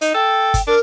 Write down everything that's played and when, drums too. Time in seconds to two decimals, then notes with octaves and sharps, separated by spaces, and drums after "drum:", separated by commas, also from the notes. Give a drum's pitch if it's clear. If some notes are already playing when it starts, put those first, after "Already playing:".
0.01 D#4, drum: hi-hat
0.14 A4 G5
0.54 drum: kick G1, hi-hat
0.67 D4 A#4